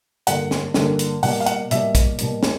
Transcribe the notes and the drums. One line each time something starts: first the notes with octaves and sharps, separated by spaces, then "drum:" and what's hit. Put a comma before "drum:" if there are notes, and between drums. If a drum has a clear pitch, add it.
G2 D3 G3 A#3 F#5, drum: hi-hat
drum: snare
G2 D3 G3 A#3, drum: snare
drum: hi-hat
B2 G3 A#3 F#5, drum: open hi-hat
F5
F#5, drum: hi-hat
B2 G3 A#3 E5, drum: hi-hat
drum: kick, hi-hat
B2 G3 A#3, drum: hi-hat
drum: snare